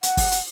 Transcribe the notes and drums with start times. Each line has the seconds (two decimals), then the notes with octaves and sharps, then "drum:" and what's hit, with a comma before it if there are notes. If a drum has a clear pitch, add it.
0.03 F#5, drum: hi-hat
0.17 drum: kick, open hi-hat
0.32 drum: hi-hat